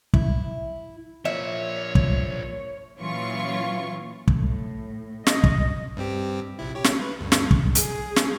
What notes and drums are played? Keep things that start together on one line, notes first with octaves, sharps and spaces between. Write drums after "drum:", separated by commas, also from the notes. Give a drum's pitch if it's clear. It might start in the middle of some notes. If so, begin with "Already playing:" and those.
E4, drum: kick
F3 A#3 C#5 E5
drum: kick
A#2 E3 F#3 C#4 F4 C#6
A2, drum: kick
D#5, drum: snare
drum: kick
G2 C4 G4
A#1 C3 E4
G4 C#5
drum: snare
B4
D2 G2
drum: snare
drum: kick
G#4, drum: hi-hat
drum: snare